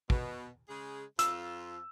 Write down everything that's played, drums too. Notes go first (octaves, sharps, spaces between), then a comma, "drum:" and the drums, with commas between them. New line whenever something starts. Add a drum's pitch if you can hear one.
B2, drum: kick
C#3 G#3 G#4
F2 F4 E6, drum: hi-hat